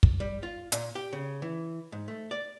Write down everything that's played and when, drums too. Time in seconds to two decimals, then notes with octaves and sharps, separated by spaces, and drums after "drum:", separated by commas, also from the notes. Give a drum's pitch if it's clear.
0.03 drum: kick
0.20 G3
0.43 F4
0.72 A#2, drum: hi-hat
0.95 G4
1.13 C#3
1.42 E3
1.92 G#2
2.08 A3
2.31 D5